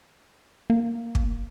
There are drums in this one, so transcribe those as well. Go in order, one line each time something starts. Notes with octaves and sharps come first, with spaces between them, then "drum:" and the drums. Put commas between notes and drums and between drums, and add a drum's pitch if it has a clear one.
A#3
drum: kick